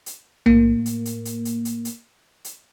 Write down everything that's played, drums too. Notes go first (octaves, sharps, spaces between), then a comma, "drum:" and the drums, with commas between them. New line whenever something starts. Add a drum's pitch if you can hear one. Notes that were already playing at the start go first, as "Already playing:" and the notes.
drum: hi-hat
A2 A#3, drum: tom B1
drum: hi-hat
drum: hi-hat
drum: hi-hat
drum: hi-hat
drum: hi-hat
drum: hi-hat
drum: hi-hat